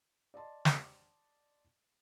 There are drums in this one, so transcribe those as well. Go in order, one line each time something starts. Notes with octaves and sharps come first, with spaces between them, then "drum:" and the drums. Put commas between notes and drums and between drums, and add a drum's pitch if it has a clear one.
D5 D#5 A5 C6
drum: snare